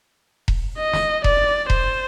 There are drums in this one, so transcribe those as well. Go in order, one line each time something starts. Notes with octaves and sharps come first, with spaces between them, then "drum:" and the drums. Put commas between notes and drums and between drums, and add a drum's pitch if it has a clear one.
drum: kick E1
D#5
drum: snare
D5, drum: kick E1
C5, drum: kick E1